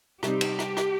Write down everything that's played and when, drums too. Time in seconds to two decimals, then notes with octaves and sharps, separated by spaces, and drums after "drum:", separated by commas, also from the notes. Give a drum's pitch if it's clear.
0.23 C3 G3 C4 D#4 G4, drum: rim click
0.41 drum: cymbal
0.59 drum: rim click
0.77 drum: rim click